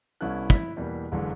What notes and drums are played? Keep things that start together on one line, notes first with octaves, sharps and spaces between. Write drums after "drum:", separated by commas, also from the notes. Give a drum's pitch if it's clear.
C2 B3 C#4 E4 A4 F#6
E4 B6, drum: kick
E2 B2 G3 A#3
E1 F#2 D3 E3 G#3 C6